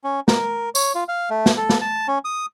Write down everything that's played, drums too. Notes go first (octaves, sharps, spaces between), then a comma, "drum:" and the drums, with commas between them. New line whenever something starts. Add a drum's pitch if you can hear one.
C#4
A#4, drum: snare
C#5, drum: tambourine
F4
F5
A3
drum: snare
A4
drum: snare
A5
C#4
D#6